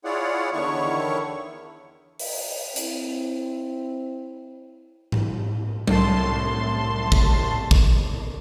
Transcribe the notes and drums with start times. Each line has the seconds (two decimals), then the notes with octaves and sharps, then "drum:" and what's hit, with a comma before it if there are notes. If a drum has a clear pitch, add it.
0.05 E4 F4 G#4 C#5 D5 F#5
0.53 E2 D3 D#3 E4 C#5 C#6
2.19 drum: open hi-hat
2.76 C4 E4, drum: hi-hat
5.12 drum: tom G#2
5.87 C2 A2 A5 C6, drum: tom F#3
7.12 drum: kick
7.71 drum: kick